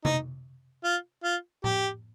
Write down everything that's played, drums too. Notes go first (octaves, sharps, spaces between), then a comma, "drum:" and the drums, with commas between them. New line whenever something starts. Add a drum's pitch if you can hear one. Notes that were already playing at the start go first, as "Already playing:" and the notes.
D#4, drum: tom C3
F4
F4
G4, drum: tom A2